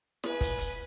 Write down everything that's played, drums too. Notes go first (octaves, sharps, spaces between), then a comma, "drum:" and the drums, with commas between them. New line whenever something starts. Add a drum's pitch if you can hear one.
B4 G#5, drum: snare E4
drum: kick, hi-hat
drum: hi-hat